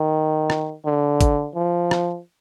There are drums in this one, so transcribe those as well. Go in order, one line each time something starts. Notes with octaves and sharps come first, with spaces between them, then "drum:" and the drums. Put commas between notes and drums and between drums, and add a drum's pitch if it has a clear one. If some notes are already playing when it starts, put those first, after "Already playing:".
Already playing: D#3
drum: rim click
D3
drum: kick G#1, hi-hat
F3
drum: rim click